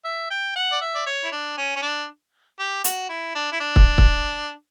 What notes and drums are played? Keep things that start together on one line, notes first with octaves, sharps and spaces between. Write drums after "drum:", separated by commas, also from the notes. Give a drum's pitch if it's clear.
E5
G5
F#5
D5
E5
D5
C#5
E4
D4
C#4
C#4
D4
G4
F#4, drum: hi-hat
E4
D4
E4
D4
drum: kick
drum: kick